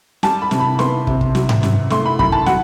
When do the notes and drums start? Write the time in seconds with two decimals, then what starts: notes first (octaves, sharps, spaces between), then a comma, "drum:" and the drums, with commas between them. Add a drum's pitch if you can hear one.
0.23 G3 A5, drum: snare
0.42 B5
0.51 C3, drum: snare
0.60 B5
0.79 B3 C6, drum: snare
1.07 C3, drum: kick
1.21 drum: kick
1.35 F#3, drum: snare
1.49 drum: tom G#2
1.63 F#2, drum: snare
1.90 A3 C6, drum: snare
2.06 B5
2.19 F#2 B5, drum: kick
2.32 A5, drum: kick
2.46 F#3 F#5, drum: snare